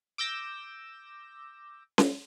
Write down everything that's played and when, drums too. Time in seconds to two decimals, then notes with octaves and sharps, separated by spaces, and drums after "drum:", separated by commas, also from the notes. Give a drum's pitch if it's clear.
0.18 D6 E6 G6 A#6 E7
1.98 drum: snare C#4